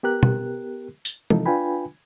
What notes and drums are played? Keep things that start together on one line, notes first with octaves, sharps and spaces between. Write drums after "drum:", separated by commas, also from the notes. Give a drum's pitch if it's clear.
B3 G4 A#4 F#6
drum: tom
drum: tambourine
C3 E3 F3 D#4 A4, drum: tom
D4 F4 B4 G5 G#5 B5